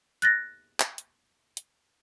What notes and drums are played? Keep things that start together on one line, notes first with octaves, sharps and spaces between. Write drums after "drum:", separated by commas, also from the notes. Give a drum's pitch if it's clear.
F#6 A6 A#6, drum: hi-hat
drum: clap
drum: hi-hat
drum: hi-hat